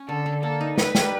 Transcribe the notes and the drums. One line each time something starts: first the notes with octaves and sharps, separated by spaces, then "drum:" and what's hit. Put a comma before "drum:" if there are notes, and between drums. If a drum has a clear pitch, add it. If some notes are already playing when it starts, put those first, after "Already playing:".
Already playing: C#4
D3 A4
D3
A#3 A4
D#4
D#4 B4, drum: snare
G3, drum: snare